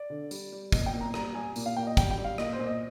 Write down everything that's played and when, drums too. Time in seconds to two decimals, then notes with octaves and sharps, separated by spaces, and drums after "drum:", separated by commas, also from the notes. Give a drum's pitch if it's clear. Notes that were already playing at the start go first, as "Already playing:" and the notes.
Already playing: D5
0.10 D3
0.31 G3, drum: tambourine
0.52 G3
0.72 A#2 D#5, drum: kick, tambourine
0.86 G5
0.93 A#2
1.01 A#5
1.14 G3 A#5, drum: rim click
1.34 G3 G#5
1.56 A#2, drum: tambourine
1.66 F5
1.76 A#2 G5
1.87 D#5
1.97 G3 G5, drum: kick, tambourine
2.11 G5
2.18 G3
2.25 F5
2.38 A#2 D#5, drum: rim click
2.53 C5
2.59 A#2
2.66 D#5